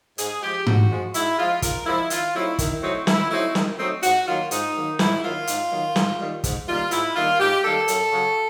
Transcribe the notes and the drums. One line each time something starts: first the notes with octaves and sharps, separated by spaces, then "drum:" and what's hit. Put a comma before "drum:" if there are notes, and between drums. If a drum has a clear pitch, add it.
G#2 G#4, drum: hi-hat
F3 G#3 G4
G#2 F#4, drum: tom G#2
F3 G#3
G#2 E4, drum: hi-hat
F3 G#3 F4
G#2 A#4, drum: kick, hi-hat
F3 G#3 E4
D#3 F4, drum: hi-hat
F#3 A3 C4 D#4 E4
D#3 E4, drum: kick, hi-hat
F#3 A3 C4 D#4
D#3 E4, drum: snare
F#3 A3 C4 D#4 E4
D#3, drum: snare
F#3 A3 C4 D#4
G#2 F#4, drum: hi-hat
D#3 F#3 A#3 F4
G#2 D#4, drum: hi-hat
D#3 F#3 A#3
G#2 E4, drum: snare
D#3 F#3 A#3 F4
G#2, drum: hi-hat
D#3 F#3 A#3
G#2, drum: snare
D#3 G3 A#3
G#2, drum: kick, hi-hat
D#3 G3 A#3 F4
G#2 E4, drum: hi-hat
D#3 G3 A#3 F4
G#2 G4
D#3 G3 A#3 A4
F#2, drum: hi-hat
C#3 F#3